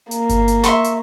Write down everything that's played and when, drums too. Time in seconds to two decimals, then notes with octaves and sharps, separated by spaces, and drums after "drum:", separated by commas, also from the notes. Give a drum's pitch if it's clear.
0.11 A#3, drum: hi-hat
0.29 drum: kick G1, hi-hat
0.48 drum: hi-hat
0.63 E5 C6 C#6, drum: snare
0.84 drum: hi-hat